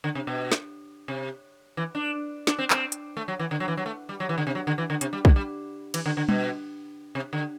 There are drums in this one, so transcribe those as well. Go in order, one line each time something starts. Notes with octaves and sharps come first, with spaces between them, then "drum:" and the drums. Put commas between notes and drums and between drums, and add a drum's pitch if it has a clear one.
D3
C3
B2
drum: snare
C3
E3
D4
D4, drum: snare
C4
C4, drum: clap
drum: hi-hat
A3
F#3
E3
D3
F#3
E3
F#3
A3
G3
F#3
E3
D3
C3
F#3
D3
E3
D3
C3, drum: hi-hat
G3
D3, drum: kick
G3
E3, drum: cymbal
D3
D3
B2, drum: tom G3
C3
D3